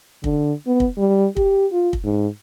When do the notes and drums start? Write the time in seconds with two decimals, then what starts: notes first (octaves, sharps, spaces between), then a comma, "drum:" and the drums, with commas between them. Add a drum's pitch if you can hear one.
0.24 D3, drum: kick
0.67 B3
0.80 drum: kick
0.98 G3
1.37 G4, drum: kick
1.72 F4
1.93 drum: kick
2.04 G#2